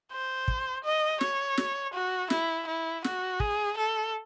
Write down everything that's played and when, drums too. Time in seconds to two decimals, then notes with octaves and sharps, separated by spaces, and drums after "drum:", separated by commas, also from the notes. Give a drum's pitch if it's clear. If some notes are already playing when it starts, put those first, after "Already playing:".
0.12 C5
0.48 drum: kick
0.84 D#5
1.21 C#5, drum: snare
1.57 drum: snare
1.93 F#4
2.30 E4, drum: snare
2.67 E4
3.04 F#4, drum: snare
3.40 G#4, drum: kick
3.77 A4